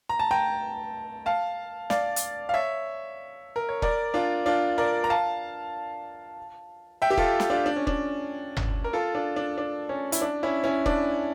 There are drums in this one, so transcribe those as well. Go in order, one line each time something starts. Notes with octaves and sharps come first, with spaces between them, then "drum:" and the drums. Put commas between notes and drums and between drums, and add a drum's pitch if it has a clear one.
A#5
A5
G5 A#5
F5 A5
D5 F5, drum: snare
drum: hi-hat
F5
C#5 E5
A#4
C#5
A#4 D5, drum: kick
D4 F4
D4 F4
A#4 D5
A#5
F5 A5
E5 G5
G4
F4 A4, drum: kick
drum: snare
D4 F4
D4
C#4
D4, drum: kick
drum: tom G1
A#4
F4 A4
D4 F4
D4
D4
C#4
E4, drum: hi-hat
D4
C#4 E4
C#4 E4
D4, drum: kick